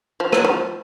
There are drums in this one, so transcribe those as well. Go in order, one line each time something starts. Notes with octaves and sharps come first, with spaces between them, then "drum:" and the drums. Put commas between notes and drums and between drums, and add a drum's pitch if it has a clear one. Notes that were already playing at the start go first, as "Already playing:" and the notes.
F3
F#3, drum: rim click
F3